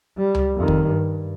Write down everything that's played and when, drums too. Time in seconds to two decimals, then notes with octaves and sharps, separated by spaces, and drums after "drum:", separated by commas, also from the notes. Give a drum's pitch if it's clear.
0.18 G3
0.35 drum: tom C#2
0.55 F2 D#3
0.68 drum: kick
0.88 G2